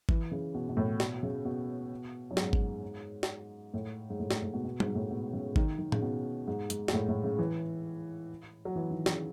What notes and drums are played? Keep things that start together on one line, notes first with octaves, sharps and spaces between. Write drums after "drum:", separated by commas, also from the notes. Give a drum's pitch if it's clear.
E3, drum: kick G#1
C#3
B2
B2
A2
B2, drum: snare
C#3
B2
F#2
G#2, drum: snare
drum: kick G#1
drum: snare
A2
G#2
A2
A2, drum: snare
A2
B2
B2
G#2, drum: tom G3
A2
B2
C#3
D#3, drum: kick G#1
D#3
C#3, drum: tom A2
B2
G#2
G#2, drum: hi-hat
G#2, drum: snare
A2
A2
C#3
E3
F#3
E3
D#3
C#3, drum: snare